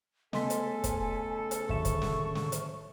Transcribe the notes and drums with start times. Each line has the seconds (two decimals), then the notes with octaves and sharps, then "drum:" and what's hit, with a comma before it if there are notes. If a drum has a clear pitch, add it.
0.33 C#3 A3 B3 A4 D#5 G#5 C6 B6, drum: snare
0.50 drum: hi-hat
0.84 drum: kick, hi-hat
1.51 drum: hi-hat
1.69 A2 D3 D#3 F#3 E5 C#6 E7, drum: kick
1.85 drum: kick, hi-hat
2.02 drum: snare
2.35 drum: snare
2.52 drum: hi-hat